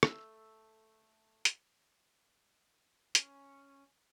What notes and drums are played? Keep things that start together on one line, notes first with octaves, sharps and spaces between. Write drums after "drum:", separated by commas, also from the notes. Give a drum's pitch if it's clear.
A3 E6, drum: rim click
drum: hi-hat
C#4, drum: hi-hat